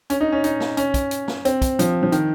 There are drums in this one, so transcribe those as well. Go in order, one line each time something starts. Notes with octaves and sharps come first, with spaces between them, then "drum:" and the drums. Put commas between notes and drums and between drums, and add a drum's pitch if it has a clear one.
C#4, drum: hi-hat
D#4
C#4
D#4, drum: hi-hat
drum: snare
C#4, drum: hi-hat
drum: kick, hi-hat
drum: hi-hat
drum: snare
C4, drum: hi-hat
drum: kick, hi-hat
F3, drum: hi-hat
F3
D#3, drum: hi-hat